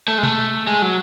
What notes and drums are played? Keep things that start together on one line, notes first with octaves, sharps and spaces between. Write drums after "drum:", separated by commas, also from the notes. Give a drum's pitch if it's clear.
A3
G#3
A3, drum: tom B2
G#3
F#3